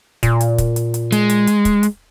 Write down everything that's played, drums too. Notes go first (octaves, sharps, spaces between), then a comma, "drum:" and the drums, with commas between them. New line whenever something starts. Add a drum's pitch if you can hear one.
A#2, drum: kick, hi-hat
drum: hi-hat
drum: kick, hi-hat
drum: hi-hat
drum: hi-hat
G#3, drum: hi-hat
drum: hi-hat
drum: hi-hat
drum: kick, hi-hat
drum: hi-hat